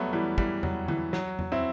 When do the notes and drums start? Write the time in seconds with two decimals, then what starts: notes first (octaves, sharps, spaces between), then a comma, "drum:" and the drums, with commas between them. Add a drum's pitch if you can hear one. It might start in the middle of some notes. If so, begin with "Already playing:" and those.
Already playing: F#3 G3 A3 B3
0.13 E3 G3
0.38 E3 G3, drum: kick
0.63 F#3, drum: tom E2
0.88 E3, drum: tom D3
1.13 F#3, drum: snare
1.39 drum: tom E2
1.52 C4 E4